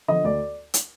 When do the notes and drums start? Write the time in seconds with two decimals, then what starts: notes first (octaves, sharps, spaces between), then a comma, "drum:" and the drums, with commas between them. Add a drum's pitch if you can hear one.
0.08 D3 F3 D#5
0.24 D2 D5
0.74 drum: hi-hat